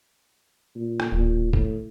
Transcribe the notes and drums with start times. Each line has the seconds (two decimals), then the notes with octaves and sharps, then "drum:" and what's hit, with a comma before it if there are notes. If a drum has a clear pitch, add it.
0.75 A#2
1.00 drum: rim click
1.12 D1 A#2
1.53 A2, drum: kick A#1